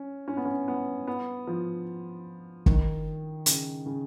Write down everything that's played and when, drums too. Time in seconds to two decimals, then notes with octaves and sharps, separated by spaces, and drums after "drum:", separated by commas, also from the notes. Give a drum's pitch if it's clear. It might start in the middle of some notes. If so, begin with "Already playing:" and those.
Already playing: C#4
0.28 C#4
0.37 B3
0.45 C#4
0.68 B3
1.08 B3
1.47 F3
2.66 D#3, drum: kick
3.46 C#3, drum: hi-hat
3.86 C#3